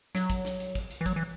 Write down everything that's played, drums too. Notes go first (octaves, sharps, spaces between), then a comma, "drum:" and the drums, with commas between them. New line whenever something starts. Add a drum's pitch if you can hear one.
F#3, drum: snare
drum: kick, hi-hat
drum: snare
drum: hi-hat
drum: kick, hi-hat
drum: hi-hat
E3
F#3, drum: kick, hi-hat
E3